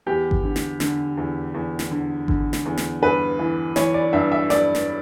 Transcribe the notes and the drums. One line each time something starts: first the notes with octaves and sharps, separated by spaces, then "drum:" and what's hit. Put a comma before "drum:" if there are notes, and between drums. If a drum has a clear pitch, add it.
E2 G4
drum: kick G#1
D3
drum: snare
D3, drum: snare
E2
E2
drum: snare
D3
D3, drum: kick G#1
drum: snare
E2
drum: snare
G2 B4
E3
E3 C#5, drum: snare
D5
G2 E5
E5
G2 D5, drum: snare
drum: snare